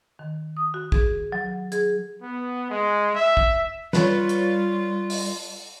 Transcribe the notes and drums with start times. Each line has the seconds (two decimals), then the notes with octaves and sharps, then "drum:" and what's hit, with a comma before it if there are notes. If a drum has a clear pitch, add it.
0.19 D#3
0.57 D#6
0.74 F#4
0.92 G#4, drum: kick
1.32 F#3
1.72 G#4, drum: hi-hat
2.22 B3
2.70 G#3
3.15 E5
3.37 drum: kick
3.93 G3 F4 B4 C#5, drum: snare
4.29 drum: hi-hat
5.10 drum: open hi-hat